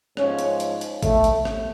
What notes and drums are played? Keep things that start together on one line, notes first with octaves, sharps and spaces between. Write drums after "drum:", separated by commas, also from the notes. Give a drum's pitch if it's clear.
G#2 F3 C#4, drum: rim click
drum: hi-hat
drum: hi-hat
drum: hi-hat
A3, drum: kick G#1, hi-hat
drum: hi-hat
drum: rim click